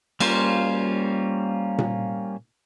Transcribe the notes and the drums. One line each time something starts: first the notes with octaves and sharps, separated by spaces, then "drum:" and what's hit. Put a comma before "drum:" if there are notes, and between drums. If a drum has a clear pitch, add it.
G3 A#3 C#4 F4 C5, drum: cymbal
drum: tom A#2